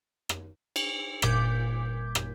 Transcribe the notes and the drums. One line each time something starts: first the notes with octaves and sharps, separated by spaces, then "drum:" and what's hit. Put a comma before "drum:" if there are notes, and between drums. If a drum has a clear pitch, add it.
drum: rim click
drum: cymbal
G1 A#2 D6 G6 G#6 B6, drum: rim click
drum: rim click